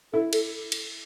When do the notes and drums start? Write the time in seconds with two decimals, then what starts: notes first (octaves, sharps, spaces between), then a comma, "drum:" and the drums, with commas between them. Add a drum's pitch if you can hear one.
0.13 E4 A4
0.33 A4, drum: cymbal
0.72 drum: cymbal